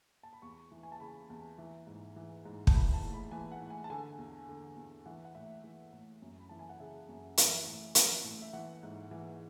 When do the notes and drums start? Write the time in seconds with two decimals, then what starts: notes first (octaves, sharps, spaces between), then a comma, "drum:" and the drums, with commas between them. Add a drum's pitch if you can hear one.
0.23 A5
0.33 B5
0.42 E2 C#6
0.72 E3
0.83 G#5
0.92 A5
1.00 C#3 B5
1.30 E2
1.58 E3
1.87 G#2
2.16 E3
2.45 G#2
2.67 A5, drum: kick
2.74 E3 B5
2.94 A5
3.03 A2
3.13 B5
3.32 E3 G#5
3.52 F#5
3.61 A2
3.70 G#5
3.84 A5
3.90 D3 G#5
4.18 E2
4.48 D3
4.76 E2
5.06 E3 F#5
5.25 F#5
5.35 A2 E5
5.64 E3
5.93 A2
6.22 F#2
6.39 B5
6.49 E3 A5
6.59 G#5
6.69 F#5
6.80 C#3 E5
7.09 F#2
7.38 E3 E5, drum: hi-hat
7.66 A2
7.95 E3, drum: hi-hat
8.24 A2
8.42 E5
8.53 E3 F#5
8.83 G#2
9.11 E3